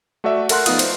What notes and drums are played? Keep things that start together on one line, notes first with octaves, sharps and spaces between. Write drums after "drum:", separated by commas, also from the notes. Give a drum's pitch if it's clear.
A3 F#4 A4 D5 E5
A4 A#4 F#5 C6 F#6, drum: cymbal
F3 A3 B3 D#4 F4 D#6, drum: cymbal
C5, drum: cymbal